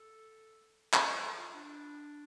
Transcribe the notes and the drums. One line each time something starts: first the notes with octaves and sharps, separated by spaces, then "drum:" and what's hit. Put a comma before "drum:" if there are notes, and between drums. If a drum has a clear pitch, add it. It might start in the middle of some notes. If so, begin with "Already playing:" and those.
Already playing: A4
A4, drum: clap
C5
A4
F4
D4